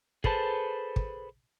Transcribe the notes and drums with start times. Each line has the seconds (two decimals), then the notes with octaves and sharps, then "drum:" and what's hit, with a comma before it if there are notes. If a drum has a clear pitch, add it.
0.24 G#4 A4 B4 C5 A5, drum: kick
0.96 drum: kick